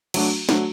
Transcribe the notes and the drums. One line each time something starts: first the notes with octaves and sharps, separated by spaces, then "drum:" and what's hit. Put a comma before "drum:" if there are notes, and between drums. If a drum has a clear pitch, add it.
F#3 A3 D4 F#4, drum: cymbal
F#3 A3 D4 F#4, drum: snare